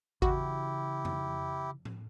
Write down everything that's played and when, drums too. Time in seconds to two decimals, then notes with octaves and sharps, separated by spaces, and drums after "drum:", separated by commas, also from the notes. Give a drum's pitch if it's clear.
0.22 C#3 E3 E4 F#4 G4, drum: kick G#1
1.05 drum: tom F2
1.85 drum: tom A2